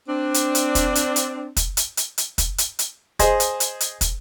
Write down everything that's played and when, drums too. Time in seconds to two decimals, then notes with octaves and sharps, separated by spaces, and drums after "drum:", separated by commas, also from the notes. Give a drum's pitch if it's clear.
0.08 C4 D4
0.34 drum: hi-hat
0.55 drum: hi-hat
0.75 drum: kick, hi-hat
0.95 drum: hi-hat
1.16 drum: hi-hat
1.57 drum: kick, hi-hat
1.77 drum: hi-hat
1.97 drum: hi-hat
2.18 drum: hi-hat
2.38 drum: kick, hi-hat
2.58 drum: hi-hat
2.79 drum: hi-hat
3.19 G#4 C5 D#5, drum: kick, hi-hat
3.40 drum: hi-hat
3.60 drum: hi-hat
3.80 drum: hi-hat
4.01 drum: kick, hi-hat